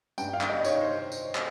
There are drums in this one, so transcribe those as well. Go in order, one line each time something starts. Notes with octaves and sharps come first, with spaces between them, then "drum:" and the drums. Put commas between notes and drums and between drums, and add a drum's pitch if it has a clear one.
G2 G5, drum: tambourine
F5
G3, drum: clap
D#5
D#3 C#5, drum: tambourine
C5
drum: tambourine
drum: clap